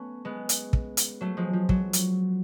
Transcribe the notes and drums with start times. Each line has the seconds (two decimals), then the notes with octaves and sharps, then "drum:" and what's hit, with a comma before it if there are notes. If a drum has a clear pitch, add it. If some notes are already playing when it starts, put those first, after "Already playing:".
Already playing: A3 B3 C#4
0.25 G#3 B3
0.49 drum: hi-hat
0.73 drum: kick
0.97 drum: hi-hat
1.21 F#3 A3
1.37 F3 G#3
1.53 F3
1.69 F#3, drum: kick
1.93 drum: hi-hat